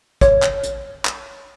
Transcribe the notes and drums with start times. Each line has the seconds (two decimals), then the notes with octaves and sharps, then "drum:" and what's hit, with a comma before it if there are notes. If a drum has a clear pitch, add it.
0.21 C#5, drum: kick, hi-hat
0.42 drum: clap
0.63 drum: hi-hat
1.05 drum: clap